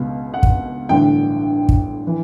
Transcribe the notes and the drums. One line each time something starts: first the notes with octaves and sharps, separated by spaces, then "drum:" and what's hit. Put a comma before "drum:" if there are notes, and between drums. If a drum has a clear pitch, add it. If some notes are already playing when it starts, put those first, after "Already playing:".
Already playing: C#2 B2
F#5
drum: kick
A1 G2 D3 G5
drum: kick
E3